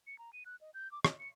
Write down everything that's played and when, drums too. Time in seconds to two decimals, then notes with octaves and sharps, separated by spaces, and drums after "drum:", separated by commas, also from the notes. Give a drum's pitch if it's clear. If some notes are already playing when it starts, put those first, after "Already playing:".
0.07 C#7
0.19 A#5
0.33 D#7
0.46 F#6
0.61 D#5
0.74 G6
0.92 D6
1.05 D#5, drum: rim click
1.19 C#7